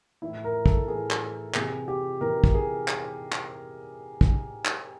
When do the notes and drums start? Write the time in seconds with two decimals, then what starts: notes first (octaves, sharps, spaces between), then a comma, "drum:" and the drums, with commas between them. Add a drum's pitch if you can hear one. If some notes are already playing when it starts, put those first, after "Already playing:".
0.22 A2 E3 E4
0.44 A#4
0.66 A4, drum: kick
0.88 A2 E3 G#4
1.11 drum: clap
1.54 C3 E3 G#4, drum: clap
1.88 G4
2.21 C3 E3 A#4
2.44 drum: kick
2.55 G#4
2.88 drum: clap
3.32 drum: clap
4.21 drum: kick
4.65 drum: clap